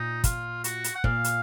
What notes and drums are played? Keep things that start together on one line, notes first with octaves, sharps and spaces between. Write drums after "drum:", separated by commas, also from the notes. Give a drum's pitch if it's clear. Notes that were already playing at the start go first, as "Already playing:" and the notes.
Already playing: A#2 D#4
F4, drum: kick, hi-hat
F#4, drum: hi-hat
drum: hi-hat
F#5
A#2 F5, drum: kick
drum: hi-hat